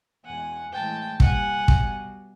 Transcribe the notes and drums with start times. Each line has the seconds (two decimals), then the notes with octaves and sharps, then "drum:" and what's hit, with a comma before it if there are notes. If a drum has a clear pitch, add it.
0.25 E2 B2 G#3 F#5 G#5
0.72 A2 E3 G#3 G5 A5
1.20 A#2 G3 F#5 G#5, drum: kick
1.68 B2 G3, drum: kick